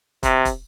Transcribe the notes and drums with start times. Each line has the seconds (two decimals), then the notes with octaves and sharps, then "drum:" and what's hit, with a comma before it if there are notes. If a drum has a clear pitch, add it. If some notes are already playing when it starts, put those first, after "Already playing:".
0.23 C3, drum: kick, hi-hat
0.45 drum: kick, hi-hat